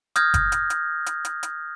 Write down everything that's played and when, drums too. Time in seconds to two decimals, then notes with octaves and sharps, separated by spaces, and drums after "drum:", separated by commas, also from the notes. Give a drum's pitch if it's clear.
0.16 D#6 F6 G6 G#6 A#6, drum: hi-hat
0.34 drum: kick F#1, hi-hat
0.52 drum: hi-hat
0.70 drum: hi-hat
1.06 drum: hi-hat
1.25 drum: hi-hat
1.43 drum: hi-hat